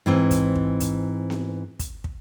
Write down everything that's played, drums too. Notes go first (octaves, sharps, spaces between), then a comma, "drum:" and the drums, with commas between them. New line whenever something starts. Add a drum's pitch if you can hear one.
G#2 E3 C4
drum: kick, hi-hat
drum: kick
drum: kick, hi-hat
drum: snare B3
drum: kick, hi-hat
drum: kick